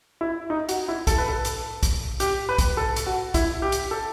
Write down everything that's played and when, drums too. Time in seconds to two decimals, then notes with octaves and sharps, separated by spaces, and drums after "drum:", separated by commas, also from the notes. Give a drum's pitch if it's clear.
0.21 E4
0.50 D#4
0.69 F#4, drum: hi-hat
0.88 E4
1.07 A4, drum: kick, hi-hat
1.18 B4
1.29 A4
1.45 drum: hi-hat
1.83 drum: kick, hi-hat
2.20 G4, drum: hi-hat
2.49 B4
2.58 drum: kick, hi-hat
2.77 A4
2.96 drum: hi-hat
3.06 F#4
3.34 E4, drum: kick, hi-hat
3.62 G4
3.72 drum: hi-hat
3.91 A4